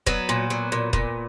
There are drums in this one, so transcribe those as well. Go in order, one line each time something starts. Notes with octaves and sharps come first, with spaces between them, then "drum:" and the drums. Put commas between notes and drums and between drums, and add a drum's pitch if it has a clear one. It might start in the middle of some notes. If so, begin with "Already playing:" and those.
F#3 B3, drum: kick
A#2
F#3
A#2
A#2, drum: kick